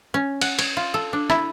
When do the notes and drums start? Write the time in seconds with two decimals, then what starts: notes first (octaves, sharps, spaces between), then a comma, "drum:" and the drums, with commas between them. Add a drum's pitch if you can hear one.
0.14 C#4
0.41 F#5, drum: cymbal
0.59 C#5, drum: cymbal
0.77 F4
0.94 A4
1.13 D4
1.30 E4, drum: rim click